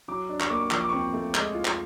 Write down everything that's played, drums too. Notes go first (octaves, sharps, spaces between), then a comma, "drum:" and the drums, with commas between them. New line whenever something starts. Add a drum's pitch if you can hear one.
F#3 D6
D4
C#6, drum: clap
A#3 D6
C#6
F3 C#6, drum: clap
D6
C4 C#6
A3
G#3, drum: clap
F4
drum: clap